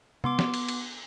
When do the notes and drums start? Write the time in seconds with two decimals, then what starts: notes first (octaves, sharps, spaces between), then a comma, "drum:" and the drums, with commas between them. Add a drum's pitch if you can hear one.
0.24 B3 C6 D6, drum: tom C3
0.39 drum: snare
0.54 drum: cymbal
0.68 drum: cymbal